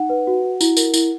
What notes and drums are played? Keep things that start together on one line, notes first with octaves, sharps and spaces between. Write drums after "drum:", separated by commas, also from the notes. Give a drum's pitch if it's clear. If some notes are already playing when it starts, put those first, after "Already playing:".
Already playing: D#4 F#5
B4
F#4
F#4
E4, drum: tambourine
A#4, drum: tambourine
E4, drum: tambourine